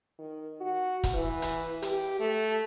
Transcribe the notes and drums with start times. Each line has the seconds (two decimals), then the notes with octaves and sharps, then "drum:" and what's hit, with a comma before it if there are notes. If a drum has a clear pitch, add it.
0.19 D#3
0.60 F#4
1.04 drum: kick, hi-hat
1.14 E3
1.42 drum: hi-hat
1.82 G4, drum: hi-hat
2.19 A3